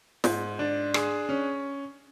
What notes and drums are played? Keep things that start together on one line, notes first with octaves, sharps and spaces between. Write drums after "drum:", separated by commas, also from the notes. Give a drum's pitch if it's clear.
G#2, drum: snare
D4
G#4, drum: rim click
C#4